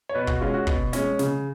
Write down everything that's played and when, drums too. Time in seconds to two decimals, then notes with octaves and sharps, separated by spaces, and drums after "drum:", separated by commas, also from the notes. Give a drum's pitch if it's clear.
0.09 C#5
0.15 B2 B4
0.27 F#4, drum: kick
0.41 G#3 C#4 F4
0.54 F#4
0.67 B2, drum: kick
0.93 G#3 C#4, drum: snare
1.19 C#3, drum: snare